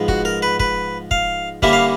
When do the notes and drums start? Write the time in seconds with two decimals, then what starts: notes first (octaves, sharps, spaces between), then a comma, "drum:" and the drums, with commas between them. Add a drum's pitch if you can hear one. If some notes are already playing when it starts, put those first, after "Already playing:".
Already playing: G#2 F3 G#3 B3
0.08 F#4, drum: kick
0.25 A#4
0.42 B4
0.60 B4, drum: kick
1.11 F5, drum: kick
1.62 D3 G3 A#3 C#4 E4 E5, drum: kick
1.73 F5